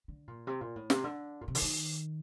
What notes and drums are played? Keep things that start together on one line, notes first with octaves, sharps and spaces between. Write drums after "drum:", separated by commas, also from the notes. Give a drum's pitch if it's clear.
D3
A#2
C3
A#2
A2
C3, drum: snare
D3
A#2
C3
D3, drum: open hi-hat
D#3